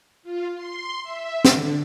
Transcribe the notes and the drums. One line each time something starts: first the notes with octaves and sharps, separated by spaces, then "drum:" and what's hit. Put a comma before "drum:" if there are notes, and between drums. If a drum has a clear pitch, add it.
F4
C6
E5
D3, drum: snare